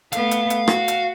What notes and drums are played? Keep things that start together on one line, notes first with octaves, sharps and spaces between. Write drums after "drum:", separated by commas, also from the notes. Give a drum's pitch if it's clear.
A3 B3 F5, drum: hi-hat
drum: hi-hat
drum: hi-hat
F#4, drum: rim click
drum: hi-hat